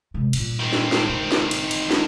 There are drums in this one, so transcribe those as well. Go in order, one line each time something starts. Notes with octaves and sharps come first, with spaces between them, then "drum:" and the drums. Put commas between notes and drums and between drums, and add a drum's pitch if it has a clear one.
C3 G#3
G2 A#2, drum: cymbal
D#3 C4
drum: snare
drum: snare
F1 D3
drum: snare
drum: cymbal
drum: cymbal
drum: snare